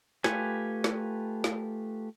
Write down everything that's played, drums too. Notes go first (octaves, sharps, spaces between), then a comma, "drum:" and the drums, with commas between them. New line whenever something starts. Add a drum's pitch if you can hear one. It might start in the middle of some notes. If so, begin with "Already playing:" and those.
A3 F4 G4 B4 G#5, drum: snare
drum: snare
drum: snare